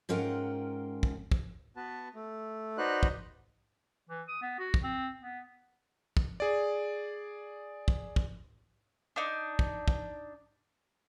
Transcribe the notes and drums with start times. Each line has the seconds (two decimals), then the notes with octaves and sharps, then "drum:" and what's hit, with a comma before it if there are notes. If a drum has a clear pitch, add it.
0.09 G#2 C#4 F4 A#4 F#5 G5
1.03 drum: kick
1.32 drum: kick
1.76 B3 F#4 B4 A5
2.15 A3
2.78 D#4 F#4 B4 C5 D5 F#6
3.03 drum: kick
4.09 E3
4.28 D#6
4.42 B3
4.59 F#4
4.74 drum: kick
4.83 C4
5.21 B3
6.17 drum: kick
6.40 G#4 D5
7.88 drum: kick
8.16 drum: kick
9.16 D4 D#4
9.59 drum: kick
9.88 drum: kick